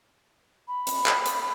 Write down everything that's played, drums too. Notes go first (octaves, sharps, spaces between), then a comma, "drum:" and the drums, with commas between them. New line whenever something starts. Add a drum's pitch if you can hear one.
B5
drum: hi-hat
drum: clap
drum: hi-hat